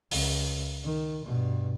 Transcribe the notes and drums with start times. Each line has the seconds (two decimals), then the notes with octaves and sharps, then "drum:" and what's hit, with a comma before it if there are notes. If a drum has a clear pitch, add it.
0.11 C#2, drum: open hi-hat
0.84 D#3
1.25 G2 B2